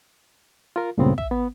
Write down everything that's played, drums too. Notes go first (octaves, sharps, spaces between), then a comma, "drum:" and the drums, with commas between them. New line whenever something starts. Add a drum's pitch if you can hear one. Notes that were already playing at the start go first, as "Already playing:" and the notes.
F4 A#4
C#2 G2 A#2 C#3 B3 C4
E5, drum: kick
B3